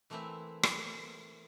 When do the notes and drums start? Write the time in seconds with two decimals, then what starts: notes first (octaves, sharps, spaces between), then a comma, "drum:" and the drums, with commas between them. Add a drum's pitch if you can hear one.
0.10 E3 A3 A#3 C4 E4 E5
0.63 drum: rim click